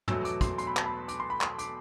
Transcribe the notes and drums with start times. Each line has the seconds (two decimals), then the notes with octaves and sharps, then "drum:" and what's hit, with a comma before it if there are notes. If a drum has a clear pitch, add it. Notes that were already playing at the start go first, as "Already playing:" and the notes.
0.08 E2 B2 F#3 A3 E6, drum: tom
0.25 D6, drum: hi-hat
0.41 C6, drum: kick, hi-hat
0.58 C6, drum: hi-hat
0.67 B5
0.77 A5, drum: clap
0.86 B5
1.08 D6, drum: hi-hat
1.20 C6
1.30 B5
1.41 C6, drum: clap
1.58 D6, drum: hi-hat